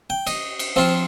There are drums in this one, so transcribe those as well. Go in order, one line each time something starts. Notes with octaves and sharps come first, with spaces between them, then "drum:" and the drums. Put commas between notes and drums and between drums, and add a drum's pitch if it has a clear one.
G5
D#5, drum: cymbal
drum: cymbal
F3 C4 F4